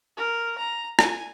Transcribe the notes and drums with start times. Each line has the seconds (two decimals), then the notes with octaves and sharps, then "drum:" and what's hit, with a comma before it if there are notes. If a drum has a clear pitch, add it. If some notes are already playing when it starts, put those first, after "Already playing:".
0.17 A#4
0.58 A#5
0.99 G#5, drum: rim click